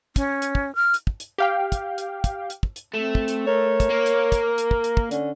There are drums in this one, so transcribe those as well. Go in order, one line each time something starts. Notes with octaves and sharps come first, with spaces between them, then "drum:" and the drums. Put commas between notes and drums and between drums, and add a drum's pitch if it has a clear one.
C#4, drum: kick, hi-hat
drum: hi-hat
drum: kick
F6
drum: hi-hat
drum: kick
drum: hi-hat
G4 F5 G5
drum: kick, hi-hat
drum: hi-hat
drum: kick, hi-hat
drum: hi-hat
drum: kick
drum: hi-hat
A3 C4
drum: kick
drum: hi-hat
A#4 C#5
drum: kick, hi-hat
A#3
drum: hi-hat
drum: kick, hi-hat
drum: hi-hat
drum: kick
drum: hi-hat
drum: kick
D3 C#4, drum: hi-hat